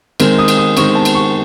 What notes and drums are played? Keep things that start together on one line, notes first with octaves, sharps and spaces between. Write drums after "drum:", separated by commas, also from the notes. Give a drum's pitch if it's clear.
D#3 G#3 C4, drum: cymbal
D#6
drum: cymbal
D#6
D#3 G#3 C4 C#6, drum: cymbal
A5
drum: cymbal
C#6